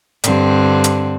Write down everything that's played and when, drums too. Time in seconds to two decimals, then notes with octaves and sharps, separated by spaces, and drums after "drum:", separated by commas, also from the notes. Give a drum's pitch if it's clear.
0.24 G2 D3 C4, drum: hi-hat
0.84 drum: hi-hat